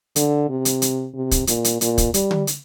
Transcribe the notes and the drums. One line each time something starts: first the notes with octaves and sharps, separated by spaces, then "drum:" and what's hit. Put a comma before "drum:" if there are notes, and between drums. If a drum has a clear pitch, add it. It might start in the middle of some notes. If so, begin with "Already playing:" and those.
D3, drum: hi-hat
C3
drum: hi-hat
drum: hi-hat
C3
drum: kick, hi-hat
A#2, drum: hi-hat
drum: hi-hat
A#2, drum: hi-hat
drum: kick, hi-hat
G3, drum: hi-hat
drum: tom D3
drum: hi-hat